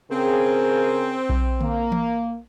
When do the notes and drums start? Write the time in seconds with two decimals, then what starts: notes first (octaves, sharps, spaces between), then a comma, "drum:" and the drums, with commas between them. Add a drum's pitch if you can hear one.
0.11 C#3 C4 G#4 A#4
1.29 drum: kick B1
1.61 A#3, drum: tom D3
1.92 drum: tom E3